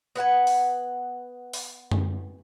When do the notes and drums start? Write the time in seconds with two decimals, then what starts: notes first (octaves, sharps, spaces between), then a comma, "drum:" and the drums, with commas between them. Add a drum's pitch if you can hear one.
0.16 B3 B4 F#5 G#5
0.47 drum: open hi-hat
1.53 drum: open hi-hat
1.91 drum: tom F#2